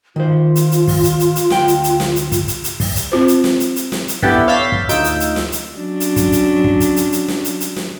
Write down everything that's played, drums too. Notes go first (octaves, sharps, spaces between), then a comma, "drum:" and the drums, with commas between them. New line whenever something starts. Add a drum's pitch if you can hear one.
D#3 F4 C5
drum: hi-hat
drum: hi-hat
drum: kick, open hi-hat
drum: hi-hat
drum: hi-hat
drum: hi-hat
D2 G5, drum: snare
drum: hi-hat
drum: hi-hat
drum: snare
drum: hi-hat
drum: kick, hi-hat
drum: hi-hat
drum: hi-hat
drum: kick, open hi-hat
drum: hi-hat
C4 F4 C5
drum: hi-hat
drum: snare
drum: hi-hat
drum: hi-hat
drum: snare
drum: hi-hat
B3 D4 E4 G4 A4 B4, drum: kick
C#5 F5 E6 G6 A6 B6
drum: kick
D2 D#4 F4 E6 G6 D7, drum: hi-hat
drum: hi-hat
drum: hi-hat
drum: snare
drum: hi-hat
F#3 C#4 D4
drum: hi-hat
drum: kick, hi-hat
drum: hi-hat
drum: kick
drum: hi-hat
drum: hi-hat
drum: hi-hat
drum: snare
drum: hi-hat
drum: hi-hat
drum: snare